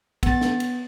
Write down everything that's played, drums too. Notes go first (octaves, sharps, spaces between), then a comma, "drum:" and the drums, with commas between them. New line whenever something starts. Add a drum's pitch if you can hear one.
B3 A6, drum: kick, cymbal
drum: snare
drum: cymbal